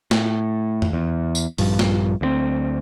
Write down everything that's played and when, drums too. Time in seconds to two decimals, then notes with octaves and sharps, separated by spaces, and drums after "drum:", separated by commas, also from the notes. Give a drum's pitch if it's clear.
0.11 A2, drum: snare
0.82 drum: tom
0.93 E2
1.35 drum: tambourine
1.58 A#1 G2 F3, drum: open hi-hat
1.79 drum: snare
2.21 D2 F3 C4